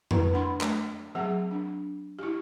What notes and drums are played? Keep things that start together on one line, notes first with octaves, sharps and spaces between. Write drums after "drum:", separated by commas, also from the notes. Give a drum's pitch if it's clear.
E4 B4, drum: tom F2
D4 F#5 B5 C6
A3, drum: clap
F#3 C4 G#4 F#5
D4
E4 G4